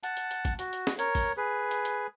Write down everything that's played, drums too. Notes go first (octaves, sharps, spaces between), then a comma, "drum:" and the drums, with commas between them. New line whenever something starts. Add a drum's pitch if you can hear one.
F#5 A5, drum: hi-hat
drum: hi-hat
drum: hi-hat
drum: kick, hi-hat
F#4, drum: hi-hat
drum: hi-hat
drum: snare
A#4 C#5, drum: hi-hat
drum: kick, open hi-hat
G#4 B4
drum: hi-hat
drum: hi-hat